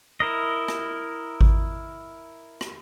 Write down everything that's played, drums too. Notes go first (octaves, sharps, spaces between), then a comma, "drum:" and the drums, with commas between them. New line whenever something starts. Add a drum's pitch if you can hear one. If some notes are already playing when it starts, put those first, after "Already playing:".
E4 A#4 D#5
drum: rim click
drum: kick G#1
drum: rim click